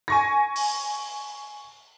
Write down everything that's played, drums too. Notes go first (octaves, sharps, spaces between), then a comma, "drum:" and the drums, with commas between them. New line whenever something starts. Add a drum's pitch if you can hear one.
G#5 C#6 A#6
drum: open hi-hat